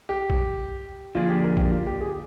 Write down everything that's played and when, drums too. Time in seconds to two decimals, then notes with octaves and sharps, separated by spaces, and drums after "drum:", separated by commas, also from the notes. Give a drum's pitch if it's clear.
0.09 G4
0.30 drum: kick
1.15 D3 F3 A#3 D4 F4 G#4
1.29 G4
1.44 A#4
1.57 G4, drum: kick
1.72 F4
1.87 G4
2.01 G#4
2.07 G4